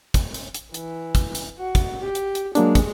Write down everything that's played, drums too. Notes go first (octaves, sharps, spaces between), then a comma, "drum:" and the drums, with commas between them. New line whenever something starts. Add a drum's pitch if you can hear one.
drum: kick, hi-hat
drum: hi-hat
drum: hi-hat
E3, drum: hi-hat
drum: kick, hi-hat
drum: hi-hat
F#4
drum: kick, hi-hat
G4
drum: hi-hat
drum: hi-hat
F#3 G#3 A#3 D4, drum: hi-hat
drum: kick, hi-hat